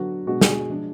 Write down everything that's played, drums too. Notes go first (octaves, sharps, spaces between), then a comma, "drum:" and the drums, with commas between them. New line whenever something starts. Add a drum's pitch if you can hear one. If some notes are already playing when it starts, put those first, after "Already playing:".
Already playing: D3 F#3 B3 D4 F#4
B2 G#3 D4 F#4
G#4, drum: snare
F3 G#3 D4